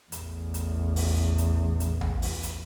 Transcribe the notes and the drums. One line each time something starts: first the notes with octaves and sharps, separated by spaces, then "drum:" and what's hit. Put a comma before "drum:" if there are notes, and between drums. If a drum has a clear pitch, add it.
A1 E2, drum: hi-hat
drum: hi-hat
drum: open hi-hat
drum: hi-hat
drum: hi-hat
drum: tom C2
drum: open hi-hat
drum: hi-hat